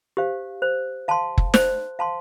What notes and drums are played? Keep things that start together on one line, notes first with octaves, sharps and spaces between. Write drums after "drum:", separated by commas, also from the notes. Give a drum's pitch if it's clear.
G4 C5 F5
C5
F5 A5 C6
drum: kick
C5, drum: snare
F5 A5 C6